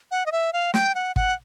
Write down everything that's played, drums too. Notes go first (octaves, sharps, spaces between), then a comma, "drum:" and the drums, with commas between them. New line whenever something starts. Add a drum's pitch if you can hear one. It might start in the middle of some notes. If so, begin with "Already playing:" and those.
F#5
D#5
E5
F5
G5, drum: snare
F#5
F#5, drum: kick